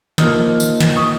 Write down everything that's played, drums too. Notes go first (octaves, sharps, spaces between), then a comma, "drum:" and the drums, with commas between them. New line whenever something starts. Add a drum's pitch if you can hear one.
F3 A#3 D#4 D#6 F6, drum: snare
drum: tambourine
drum: snare
C#6 D#6